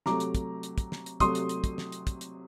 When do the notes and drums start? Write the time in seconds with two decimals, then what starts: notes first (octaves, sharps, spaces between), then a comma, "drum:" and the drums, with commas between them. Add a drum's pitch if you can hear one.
0.06 C3 F#3 A3 A#5 D6, drum: snare
0.20 drum: hi-hat
0.35 drum: kick, hi-hat
0.63 drum: hi-hat
0.78 drum: kick, hi-hat
0.92 drum: snare
1.06 drum: hi-hat
1.20 C3 F#3 A3 C6 D#6, drum: kick, hi-hat
1.35 drum: hi-hat
1.49 drum: hi-hat
1.64 drum: kick, hi-hat
1.78 drum: snare
1.92 drum: hi-hat
2.07 drum: kick, hi-hat
2.21 drum: hi-hat